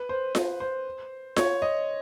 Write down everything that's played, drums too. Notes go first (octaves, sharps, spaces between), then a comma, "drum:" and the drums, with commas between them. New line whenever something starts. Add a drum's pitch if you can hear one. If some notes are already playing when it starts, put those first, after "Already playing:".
Already playing: B4
C5
C5, drum: snare F4
C5
C#5, drum: snare F4
D#5